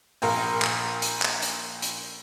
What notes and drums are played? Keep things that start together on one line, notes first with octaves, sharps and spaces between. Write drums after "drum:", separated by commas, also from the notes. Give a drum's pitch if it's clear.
A#1 A#4 F5, drum: open hi-hat
drum: clap
drum: hi-hat
drum: clap
drum: hi-hat
drum: hi-hat